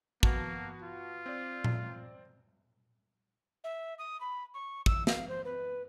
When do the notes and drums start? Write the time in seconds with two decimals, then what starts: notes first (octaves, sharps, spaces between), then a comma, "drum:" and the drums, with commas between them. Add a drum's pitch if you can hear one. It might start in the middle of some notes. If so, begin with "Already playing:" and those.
0.23 A#3 B3 F#4 A5, drum: kick
0.82 F4
1.26 C4 D5
1.64 drum: tom A#2
3.64 E5
3.98 D#6
4.20 B5
4.54 C#6
4.86 E6, drum: kick
5.07 F5, drum: snare
5.29 C5
5.45 B4